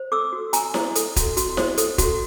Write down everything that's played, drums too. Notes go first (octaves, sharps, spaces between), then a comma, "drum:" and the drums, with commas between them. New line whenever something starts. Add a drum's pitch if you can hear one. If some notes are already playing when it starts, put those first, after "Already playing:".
Already playing: C5
A4 D6 E6
F#4
F#4 G#5 A#5, drum: hi-hat
C5, drum: snare E4
A4, drum: hi-hat
F#4, drum: kick, hi-hat
F#4, drum: hi-hat
C5, drum: snare E4
A4, drum: hi-hat
F#4, drum: kick, hi-hat